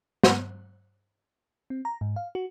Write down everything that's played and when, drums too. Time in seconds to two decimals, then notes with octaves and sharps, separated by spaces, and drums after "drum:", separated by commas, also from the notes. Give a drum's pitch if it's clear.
0.23 drum: snare
1.70 C4
1.85 A#5
2.01 G#2
2.16 F5
2.35 F#4